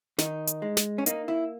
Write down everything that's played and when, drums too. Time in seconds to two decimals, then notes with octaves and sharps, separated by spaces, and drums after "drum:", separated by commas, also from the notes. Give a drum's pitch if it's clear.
0.18 D#3 D#4, drum: snare
0.47 drum: hi-hat
0.62 G#3
0.77 drum: snare
0.98 C#4
1.06 A#3 D#4, drum: hi-hat
1.28 E4